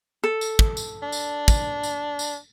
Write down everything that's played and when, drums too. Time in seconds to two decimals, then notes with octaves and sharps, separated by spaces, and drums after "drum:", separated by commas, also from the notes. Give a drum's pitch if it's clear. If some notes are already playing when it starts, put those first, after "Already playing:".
0.24 A4
0.41 drum: tambourine
0.59 drum: kick
0.77 drum: tambourine
1.02 D4
1.12 drum: tambourine
1.48 drum: kick, tambourine
1.83 drum: tambourine
2.19 drum: tambourine